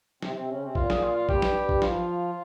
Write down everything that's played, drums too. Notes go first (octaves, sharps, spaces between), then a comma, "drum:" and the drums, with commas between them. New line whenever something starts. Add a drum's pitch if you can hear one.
C3 C4, drum: snare
C3 C4
C#3 C#4
C3 C4
A#2 A#3 F4, drum: kick A1
G#4, drum: snare
F4
F4
G2 G3 G4, drum: kick A1
drum: snare
drum: kick A1
F3 F4, drum: snare